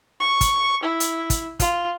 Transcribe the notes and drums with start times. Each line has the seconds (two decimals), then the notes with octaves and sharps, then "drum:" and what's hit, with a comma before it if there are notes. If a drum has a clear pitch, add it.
0.20 C#6
0.41 drum: kick, hi-hat
0.83 E4
1.00 drum: hi-hat
1.30 drum: kick, hi-hat
1.60 F4, drum: kick, hi-hat